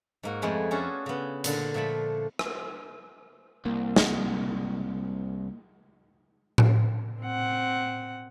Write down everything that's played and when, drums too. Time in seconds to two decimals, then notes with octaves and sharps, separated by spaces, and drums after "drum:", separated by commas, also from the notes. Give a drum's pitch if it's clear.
0.23 G#2 A#3 F#4
0.42 F2 F3 G#3 A3 B3 E4
0.71 C#4 D4 F4 F#4 G#4 A4
1.06 C#3 B3
1.44 A#2 D3, drum: hi-hat
1.74 A#2 F3 A3 A5 B5
2.39 drum: rim click
3.66 C2 A#3
3.96 drum: snare
6.58 drum: tom A2
7.22 C4 F#5